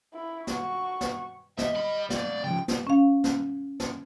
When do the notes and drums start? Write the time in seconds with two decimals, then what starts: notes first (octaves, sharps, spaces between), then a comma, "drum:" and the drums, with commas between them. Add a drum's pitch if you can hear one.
0.14 E4
0.47 F#4 C#6, drum: snare
1.01 drum: snare
1.58 D#5 E5, drum: snare
1.75 G3 B5
2.10 A3 D5 F5, drum: snare
2.44 C#3 F3 G5
2.68 drum: snare
2.87 C#4 F5
3.24 drum: snare
3.80 drum: snare